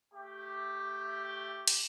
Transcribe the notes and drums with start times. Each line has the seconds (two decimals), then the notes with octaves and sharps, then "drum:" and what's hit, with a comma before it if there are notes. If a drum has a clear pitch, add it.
0.13 A3 G4
1.68 drum: cymbal